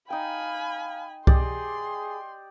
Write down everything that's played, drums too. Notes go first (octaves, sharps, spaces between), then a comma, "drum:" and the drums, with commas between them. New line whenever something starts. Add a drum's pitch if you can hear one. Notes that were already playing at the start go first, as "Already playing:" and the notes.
D#4 F5 G5 G#5 B5
G4 G#4 D5 D#5 C6, drum: kick C2